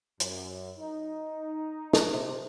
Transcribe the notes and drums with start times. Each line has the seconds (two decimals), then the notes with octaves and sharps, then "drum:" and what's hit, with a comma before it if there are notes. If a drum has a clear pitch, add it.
0.20 F#2, drum: hi-hat
0.78 D#4
1.93 drum: snare
2.09 C3